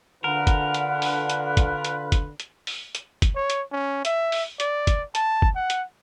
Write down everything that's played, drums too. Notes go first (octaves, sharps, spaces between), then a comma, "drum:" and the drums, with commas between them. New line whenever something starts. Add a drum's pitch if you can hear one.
D3 F4 A#4 B4 F#5
drum: kick, hi-hat
drum: hi-hat
drum: open hi-hat
drum: hi-hat
drum: kick, hi-hat
drum: hi-hat
drum: kick, hi-hat
drum: hi-hat
drum: open hi-hat
drum: hi-hat
drum: kick, hi-hat
C#5
drum: hi-hat
C#4
E5, drum: hi-hat
drum: open hi-hat
D5, drum: hi-hat
drum: kick, hi-hat
A5, drum: hi-hat
drum: kick
F#5
drum: hi-hat